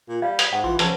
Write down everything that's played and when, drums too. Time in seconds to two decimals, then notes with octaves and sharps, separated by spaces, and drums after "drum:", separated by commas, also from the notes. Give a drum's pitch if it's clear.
0.09 A#2
0.22 G3 F5
0.39 D#6 B6, drum: hi-hat
0.53 G#2 F#5
0.64 A1 E3 F4 C6 D6
0.79 C#3 F3 B4 C5 A5, drum: hi-hat